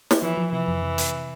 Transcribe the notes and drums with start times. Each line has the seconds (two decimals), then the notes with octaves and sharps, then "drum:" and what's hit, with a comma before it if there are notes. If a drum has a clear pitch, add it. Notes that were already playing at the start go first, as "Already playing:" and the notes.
0.11 drum: snare
0.22 E3 F3
0.37 F3
0.52 C3 E3
0.68 F2
0.83 C3
0.98 C3, drum: hi-hat